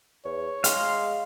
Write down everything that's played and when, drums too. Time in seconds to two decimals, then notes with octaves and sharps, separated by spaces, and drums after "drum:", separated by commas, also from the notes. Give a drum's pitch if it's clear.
0.25 E2 C#5
0.64 G#3 F5 C6, drum: hi-hat